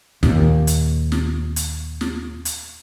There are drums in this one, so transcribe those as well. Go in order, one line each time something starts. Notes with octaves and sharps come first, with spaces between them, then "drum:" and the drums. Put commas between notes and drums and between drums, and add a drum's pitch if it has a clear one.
D#2 A#2, drum: snare
drum: hi-hat
drum: snare
drum: hi-hat
drum: snare
drum: hi-hat